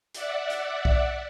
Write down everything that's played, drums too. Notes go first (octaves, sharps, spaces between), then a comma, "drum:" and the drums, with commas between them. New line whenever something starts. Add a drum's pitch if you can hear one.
D5 E5 F#5, drum: hi-hat
drum: hi-hat
drum: kick